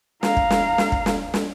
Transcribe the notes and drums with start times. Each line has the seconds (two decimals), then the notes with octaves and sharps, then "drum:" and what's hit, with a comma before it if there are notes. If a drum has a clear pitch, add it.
0.23 F5 A#5, drum: snare
0.37 drum: kick
0.50 drum: snare
0.78 drum: snare
0.92 drum: kick
1.06 drum: snare
1.34 drum: snare